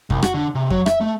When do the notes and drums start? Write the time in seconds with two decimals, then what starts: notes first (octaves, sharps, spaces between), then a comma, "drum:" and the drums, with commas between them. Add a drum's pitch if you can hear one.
0.10 C2, drum: kick F2
0.23 F#4, drum: rim click
0.34 D3
0.55 C3
0.70 F#3, drum: kick F2
0.86 E5, drum: rim click
1.01 A3